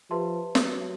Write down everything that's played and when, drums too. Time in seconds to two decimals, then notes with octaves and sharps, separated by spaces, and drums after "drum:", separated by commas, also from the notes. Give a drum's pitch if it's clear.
0.11 F3 G4 B4 E5 A5 C6
0.55 F#3, drum: snare